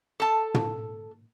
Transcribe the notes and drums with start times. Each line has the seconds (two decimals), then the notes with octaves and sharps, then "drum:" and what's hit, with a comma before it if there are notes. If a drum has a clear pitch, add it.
0.20 A4 A5
0.54 drum: tom